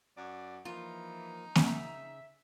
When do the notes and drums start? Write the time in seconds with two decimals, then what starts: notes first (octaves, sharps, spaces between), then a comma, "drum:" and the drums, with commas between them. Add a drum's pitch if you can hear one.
0.17 F#2 D5
0.65 E3 F3 A#3 D#4 F4
1.55 C#3 E5, drum: snare A#3